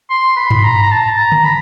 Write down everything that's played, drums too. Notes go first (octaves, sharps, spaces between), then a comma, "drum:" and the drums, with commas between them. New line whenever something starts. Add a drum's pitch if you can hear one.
C6
B5
drum: tom G2
A#5
A#5
A5
A#5
drum: tom D3
B5